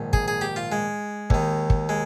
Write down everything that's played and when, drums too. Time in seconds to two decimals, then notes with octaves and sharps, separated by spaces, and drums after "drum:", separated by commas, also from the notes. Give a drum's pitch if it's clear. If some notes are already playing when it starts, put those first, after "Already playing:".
Already playing: A#1 G#2 D#3
0.13 G#4, drum: kick
0.28 G#4
0.41 G4
0.56 F4
0.72 G#3
1.30 D#2 D#3, drum: kick
1.70 drum: kick
1.89 G#3